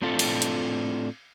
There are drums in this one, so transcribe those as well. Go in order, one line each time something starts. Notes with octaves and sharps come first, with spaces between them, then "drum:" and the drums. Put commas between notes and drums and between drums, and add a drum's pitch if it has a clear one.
A2 C4 D4 F4 A4
drum: cymbal
drum: hi-hat